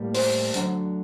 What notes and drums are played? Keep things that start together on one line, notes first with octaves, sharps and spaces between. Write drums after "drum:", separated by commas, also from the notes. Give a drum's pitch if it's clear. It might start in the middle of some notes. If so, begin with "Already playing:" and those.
Already playing: A2 G3 A#3
C5, drum: open hi-hat
D2 D3 F#3, drum: hi-hat